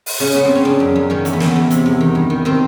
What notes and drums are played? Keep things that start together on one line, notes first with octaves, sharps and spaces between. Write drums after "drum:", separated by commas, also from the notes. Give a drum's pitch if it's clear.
drum: open hi-hat
C#3 C#4
C#3 B3
C4
C#3 C#4
C#3 D4
F#2
F#2
D#3 C#4
E2, drum: hi-hat
B3
D#3, drum: snare
E2
C3, drum: hi-hat
E2
D#3
G2
D#3
D#3 C4